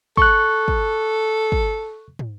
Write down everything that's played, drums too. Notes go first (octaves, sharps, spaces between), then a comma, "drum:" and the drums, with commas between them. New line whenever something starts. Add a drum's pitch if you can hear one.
A4 C#6 F#6, drum: kick
drum: kick
drum: kick
drum: tom